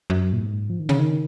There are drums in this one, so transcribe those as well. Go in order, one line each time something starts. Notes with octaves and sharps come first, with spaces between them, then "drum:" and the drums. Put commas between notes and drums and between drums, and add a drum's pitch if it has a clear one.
F#2
A#2
G#2
F3
D#3
C#3, drum: tom C#3
D#3